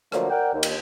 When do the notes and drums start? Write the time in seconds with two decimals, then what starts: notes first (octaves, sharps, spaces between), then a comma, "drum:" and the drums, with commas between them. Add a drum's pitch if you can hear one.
0.12 D3 F3 F#3 A3 A#3, drum: rim click
0.30 A#4 D5 F#5 G5
0.53 D#2
0.63 drum: cymbal